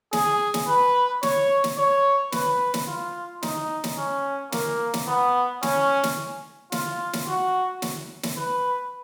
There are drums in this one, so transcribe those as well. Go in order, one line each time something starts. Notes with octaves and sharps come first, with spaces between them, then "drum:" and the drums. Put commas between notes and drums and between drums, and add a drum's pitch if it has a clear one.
G#4, drum: snare
drum: snare
B4
C#5, drum: snare
drum: snare
C#5
B4, drum: snare
drum: snare
F4
D#4, drum: snare
drum: snare
C#4
A#3, drum: snare
drum: snare
B3
C#4, drum: snare
drum: snare
F4, drum: snare
drum: snare
F#4
drum: snare
drum: snare
B4